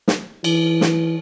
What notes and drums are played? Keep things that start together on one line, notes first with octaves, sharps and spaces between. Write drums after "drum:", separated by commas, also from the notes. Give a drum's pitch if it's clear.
drum: snare
E3, drum: cymbal
drum: snare